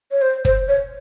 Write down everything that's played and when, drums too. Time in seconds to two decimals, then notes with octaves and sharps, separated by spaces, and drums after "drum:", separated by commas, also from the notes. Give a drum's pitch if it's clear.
0.12 C#5
0.22 C5
0.45 C5, drum: kick
0.68 C#5